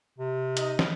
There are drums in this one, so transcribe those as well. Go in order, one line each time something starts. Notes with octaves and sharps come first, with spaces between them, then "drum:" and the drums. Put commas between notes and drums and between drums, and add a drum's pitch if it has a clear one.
C3
D#4 D#5, drum: hi-hat
drum: snare